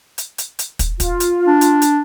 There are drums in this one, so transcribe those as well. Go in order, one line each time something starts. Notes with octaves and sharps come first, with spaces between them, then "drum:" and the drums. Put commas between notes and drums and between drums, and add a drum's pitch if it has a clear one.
drum: hi-hat
drum: hi-hat
drum: hi-hat
drum: kick, hi-hat
F4, drum: kick, hi-hat
drum: hi-hat
D4
drum: hi-hat
drum: hi-hat